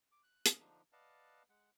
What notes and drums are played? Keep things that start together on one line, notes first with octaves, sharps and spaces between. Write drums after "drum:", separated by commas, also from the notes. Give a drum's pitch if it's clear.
D6
F#6
G#4, drum: hi-hat
D3 F3 D4 D#4
B4 D5 D#5 F5 F#5 A5
G#3 F#5